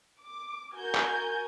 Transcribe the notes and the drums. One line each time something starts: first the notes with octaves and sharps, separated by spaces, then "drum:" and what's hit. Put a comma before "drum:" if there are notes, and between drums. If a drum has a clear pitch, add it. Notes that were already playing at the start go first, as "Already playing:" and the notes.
D6
F#4 A#4 G#5 G6 G#6
drum: clap